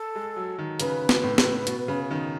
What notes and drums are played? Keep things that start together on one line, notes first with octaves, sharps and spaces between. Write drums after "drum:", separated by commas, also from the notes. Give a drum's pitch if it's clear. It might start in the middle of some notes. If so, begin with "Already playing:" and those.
Already playing: A4
G#3
F#3
D#3
C#3 B4, drum: hi-hat
drum: snare
A2
drum: snare
B2, drum: hi-hat
C#3
D#3